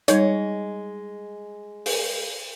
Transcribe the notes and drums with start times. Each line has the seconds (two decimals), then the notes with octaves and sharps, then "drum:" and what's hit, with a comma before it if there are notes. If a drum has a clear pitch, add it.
0.08 G3 G#3 D#4 C#5, drum: hi-hat
1.86 drum: open hi-hat